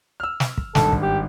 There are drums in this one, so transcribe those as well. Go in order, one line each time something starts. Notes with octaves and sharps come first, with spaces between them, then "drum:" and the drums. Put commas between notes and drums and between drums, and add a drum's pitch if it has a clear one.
E6 F6
drum: snare
drum: kick
G#1 G2 A4, drum: snare
drum: kick
G4